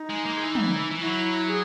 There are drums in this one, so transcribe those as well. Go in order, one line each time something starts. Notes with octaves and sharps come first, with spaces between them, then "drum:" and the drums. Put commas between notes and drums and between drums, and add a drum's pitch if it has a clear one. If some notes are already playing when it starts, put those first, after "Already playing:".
Already playing: D#4
G#3
A#3
G#3
E3
drum: tom
E3
F#3 E4
G#4